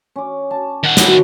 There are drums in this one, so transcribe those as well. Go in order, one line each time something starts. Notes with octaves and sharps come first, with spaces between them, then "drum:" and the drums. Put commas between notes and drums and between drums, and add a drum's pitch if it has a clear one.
C#4 D6
A5
D#3 F#5
E3 F#3 E4, drum: snare